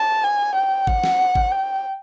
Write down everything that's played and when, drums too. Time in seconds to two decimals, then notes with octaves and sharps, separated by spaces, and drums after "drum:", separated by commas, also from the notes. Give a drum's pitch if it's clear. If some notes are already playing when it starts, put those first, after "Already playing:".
Already playing: A5
0.24 G#5
0.56 G5
0.87 F#5, drum: kick
1.04 drum: snare
1.35 drum: kick
1.52 G5